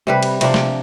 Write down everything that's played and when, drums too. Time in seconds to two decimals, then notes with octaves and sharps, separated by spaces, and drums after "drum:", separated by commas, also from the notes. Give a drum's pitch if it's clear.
0.07 C3 G3 B4
0.23 drum: cymbal
0.41 C3 F3 D4, drum: cymbal
0.54 drum: snare